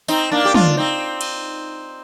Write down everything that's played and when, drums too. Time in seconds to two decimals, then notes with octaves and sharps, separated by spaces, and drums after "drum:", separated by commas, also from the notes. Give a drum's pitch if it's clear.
0.08 C4 D#4, drum: tambourine
0.31 A#3 D4
0.45 G4
0.54 D4 F4, drum: tom
0.77 C4 D#4
1.21 drum: cymbal